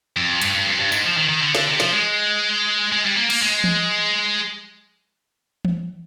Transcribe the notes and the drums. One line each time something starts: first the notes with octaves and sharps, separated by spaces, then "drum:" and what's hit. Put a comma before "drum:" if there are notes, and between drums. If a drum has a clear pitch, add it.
F2
G2, drum: hi-hat
G2
F2
G2
G#2, drum: tambourine
F3
D#3
D#3
D3
D3, drum: snare
C3
F3, drum: snare
G#3
G#3
G3
A#3
A#3, drum: cymbal
G#3
drum: tom E3
drum: tom E3